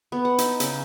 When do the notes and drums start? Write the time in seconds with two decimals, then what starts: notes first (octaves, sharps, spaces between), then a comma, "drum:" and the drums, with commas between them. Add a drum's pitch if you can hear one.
0.12 B3
0.25 F#5
0.38 D#4, drum: hi-hat
0.60 C#3, drum: hi-hat